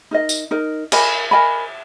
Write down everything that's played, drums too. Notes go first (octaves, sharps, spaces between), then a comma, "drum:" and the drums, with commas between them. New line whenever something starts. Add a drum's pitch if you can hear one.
D#4 A#4 D#5
drum: tambourine
D#4 A#4 D#5
A#4 D#5 G#5 B5, drum: cymbal
A#4 D#5 G#5 B5